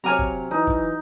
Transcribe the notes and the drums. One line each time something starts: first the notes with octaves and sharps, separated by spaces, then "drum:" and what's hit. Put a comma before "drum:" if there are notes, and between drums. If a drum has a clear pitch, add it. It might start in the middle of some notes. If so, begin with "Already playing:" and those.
C3 F#3 C#5 G#5 A#5 D6 F6
drum: kick
E3 D#4
drum: kick